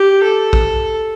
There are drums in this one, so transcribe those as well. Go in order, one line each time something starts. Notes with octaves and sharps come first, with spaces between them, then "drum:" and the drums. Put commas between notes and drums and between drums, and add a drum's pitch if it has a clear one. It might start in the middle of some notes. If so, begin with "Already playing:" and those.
Already playing: G4
A4
drum: kick